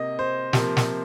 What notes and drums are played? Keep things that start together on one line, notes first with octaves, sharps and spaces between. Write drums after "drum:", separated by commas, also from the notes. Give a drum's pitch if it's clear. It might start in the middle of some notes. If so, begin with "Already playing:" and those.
Already playing: C3 A#3 D#5
C5
C3 F3 A#3, drum: snare
drum: snare